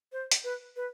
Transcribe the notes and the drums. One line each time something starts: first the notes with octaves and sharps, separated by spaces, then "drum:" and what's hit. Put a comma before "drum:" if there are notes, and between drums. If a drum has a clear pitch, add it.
C5
drum: hi-hat
B4
B4